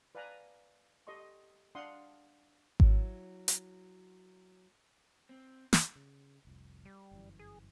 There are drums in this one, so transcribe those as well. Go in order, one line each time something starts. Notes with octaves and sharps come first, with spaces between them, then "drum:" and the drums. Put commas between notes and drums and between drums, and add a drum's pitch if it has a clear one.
B4 D5 F5 G#5 A#5
G4 A4 D#5 C6 C#6
D4 D5 F5 F#5 C6 D#6
F#3 E4, drum: kick G#1
drum: hi-hat
C4
drum: snare
C#3
F1 C2 F2
G3
G1 F#2 E3
G#4